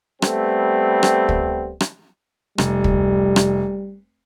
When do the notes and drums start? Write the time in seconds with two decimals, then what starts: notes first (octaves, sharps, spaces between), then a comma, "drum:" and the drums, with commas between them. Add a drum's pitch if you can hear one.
0.22 G3 A3 B3 C4, drum: rim click
1.03 drum: rim click
1.29 drum: kick
1.80 drum: rim click
2.58 F1 G3, drum: rim click
2.84 drum: kick
3.36 drum: rim click